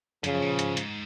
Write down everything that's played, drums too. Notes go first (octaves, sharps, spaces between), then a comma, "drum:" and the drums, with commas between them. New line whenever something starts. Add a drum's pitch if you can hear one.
F#2 C#3 F3, drum: hi-hat
A#2
G#2, drum: hi-hat
G#2, drum: hi-hat